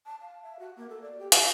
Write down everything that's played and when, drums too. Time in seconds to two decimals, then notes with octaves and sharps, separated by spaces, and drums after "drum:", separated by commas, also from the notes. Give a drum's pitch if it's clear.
0.06 A5
0.21 F5
0.42 E5
0.59 F#4
0.77 A#3
0.89 A4
1.02 D5
1.19 G4
1.32 B4, drum: hi-hat